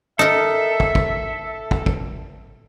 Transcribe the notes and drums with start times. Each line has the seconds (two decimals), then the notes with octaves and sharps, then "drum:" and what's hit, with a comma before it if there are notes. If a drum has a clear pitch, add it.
0.19 D#4 A4 A#4 E5
0.80 drum: kick
0.95 drum: kick
1.71 drum: kick
1.86 drum: kick